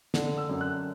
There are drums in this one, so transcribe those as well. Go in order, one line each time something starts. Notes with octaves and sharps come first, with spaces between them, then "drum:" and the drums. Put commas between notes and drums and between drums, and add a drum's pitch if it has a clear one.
D3, drum: snare
E6
F#2
F#6